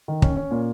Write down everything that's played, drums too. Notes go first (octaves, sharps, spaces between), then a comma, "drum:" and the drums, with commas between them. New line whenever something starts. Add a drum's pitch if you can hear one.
D#3
C#4, drum: kick
C#4
A#2